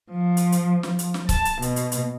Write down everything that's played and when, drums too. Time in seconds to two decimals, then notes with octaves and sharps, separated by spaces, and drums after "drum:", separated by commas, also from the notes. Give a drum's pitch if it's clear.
0.11 F3
0.37 drum: hi-hat
0.52 drum: hi-hat
0.83 F3, drum: snare
0.99 drum: hi-hat
1.14 drum: snare
1.29 A5, drum: kick C#1, hi-hat
1.45 drum: hi-hat
1.62 B2, drum: hi-hat
1.76 drum: hi-hat
1.92 drum: hi-hat